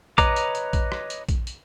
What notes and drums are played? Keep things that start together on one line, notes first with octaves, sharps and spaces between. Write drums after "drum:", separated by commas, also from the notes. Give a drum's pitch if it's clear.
B4 C#5 D#5 A#5 D6, drum: kick A#1, hi-hat
drum: hi-hat
drum: hi-hat
drum: kick A#1, hi-hat
drum: rim click
drum: hi-hat
drum: kick A#1, hi-hat
drum: hi-hat